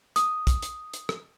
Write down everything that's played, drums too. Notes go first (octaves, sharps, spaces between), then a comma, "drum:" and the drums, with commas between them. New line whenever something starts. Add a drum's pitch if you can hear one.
D#6, drum: hi-hat
drum: kick, hi-hat
drum: hi-hat
drum: hi-hat
drum: rim click